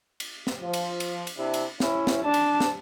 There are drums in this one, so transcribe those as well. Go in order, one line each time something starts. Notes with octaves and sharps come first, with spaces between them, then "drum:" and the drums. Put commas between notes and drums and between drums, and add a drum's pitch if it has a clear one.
drum: cymbal
drum: snare
F3
drum: cymbal
drum: cymbal
drum: cymbal
C3 D4 E4
drum: cymbal
C#4 E4, drum: snare
drum: snare
D4 A5
drum: cymbal
drum: snare